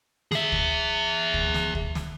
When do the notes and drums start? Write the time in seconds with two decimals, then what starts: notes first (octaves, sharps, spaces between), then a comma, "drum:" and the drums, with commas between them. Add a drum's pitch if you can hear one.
0.32 G#4 E5, drum: snare
0.52 drum: kick
1.34 drum: kick
1.54 drum: snare
1.75 drum: kick
1.95 drum: snare